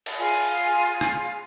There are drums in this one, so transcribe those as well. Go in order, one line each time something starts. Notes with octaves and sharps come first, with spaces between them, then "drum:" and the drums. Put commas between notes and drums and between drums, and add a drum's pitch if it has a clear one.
drum: cymbal
F4 G#4 G#5
drum: rim click